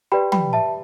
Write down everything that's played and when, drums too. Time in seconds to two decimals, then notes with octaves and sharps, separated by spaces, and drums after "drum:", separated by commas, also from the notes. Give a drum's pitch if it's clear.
0.12 G4 B4 D5 G5 B5
0.32 G5 B5, drum: tom
0.53 E5 A5